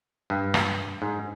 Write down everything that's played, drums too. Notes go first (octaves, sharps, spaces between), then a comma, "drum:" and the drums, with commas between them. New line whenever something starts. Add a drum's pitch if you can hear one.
G2
drum: rim click
G#2